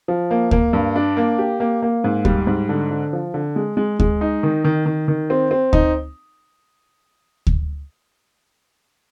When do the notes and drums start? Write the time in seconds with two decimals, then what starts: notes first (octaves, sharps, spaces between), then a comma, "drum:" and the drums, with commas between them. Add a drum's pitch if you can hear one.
0.08 F3
0.31 A#3
0.51 A#3, drum: kick D2
0.73 G2
0.96 D4
1.17 A#3
1.39 G4
1.60 A#3
1.82 A#3
2.04 G#2
2.25 G3, drum: kick D2
2.47 G#2
2.69 D3
2.91 D3
3.13 F3
3.34 D3
3.56 G#3
3.77 G#3
4.00 G#3, drum: kick D2
4.21 D#4
4.43 D#3
4.65 D#3
4.86 D#3
5.08 D#3
5.30 C4
5.51 C4
5.73 D#4, drum: kick D2
7.47 drum: kick D2